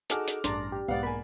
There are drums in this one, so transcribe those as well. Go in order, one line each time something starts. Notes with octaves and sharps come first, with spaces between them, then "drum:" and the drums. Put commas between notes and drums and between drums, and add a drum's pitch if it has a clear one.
D#4 F#4 G#4 A4 D6 F6, drum: hi-hat
drum: hi-hat
A1 G2 D4 D5 A#5 C6, drum: hi-hat
G4
B1 G#2 B3 D5 F5 F#5
A#3 G#5 B5